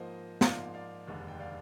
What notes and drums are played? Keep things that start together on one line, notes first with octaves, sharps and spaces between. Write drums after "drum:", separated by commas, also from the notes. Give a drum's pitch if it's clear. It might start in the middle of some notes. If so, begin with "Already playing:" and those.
Already playing: G#2 F3 A#3 C5 D#5
G#2 F3 A#3 F4 D5 F5, drum: snare
D5 F5
F1 D#2 D3 G#3 D4
G5
D5 F5